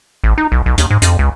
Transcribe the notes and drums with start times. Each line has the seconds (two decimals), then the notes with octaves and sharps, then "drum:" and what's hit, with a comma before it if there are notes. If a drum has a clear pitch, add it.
0.24 A1
0.38 D#4
0.52 B1
0.66 B1
0.78 D#2, drum: hi-hat
0.91 G#2
1.02 F2, drum: hi-hat
1.19 C#2